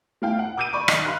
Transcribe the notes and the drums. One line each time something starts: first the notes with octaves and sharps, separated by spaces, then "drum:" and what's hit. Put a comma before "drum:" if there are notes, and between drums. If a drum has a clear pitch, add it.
A3 E4 F5 G5
F#5
D6 E6 G6 D7 D#7
D5 B5 C#6 D6
D#3 D#5, drum: rim click
F5 B5 C6 F6 F#6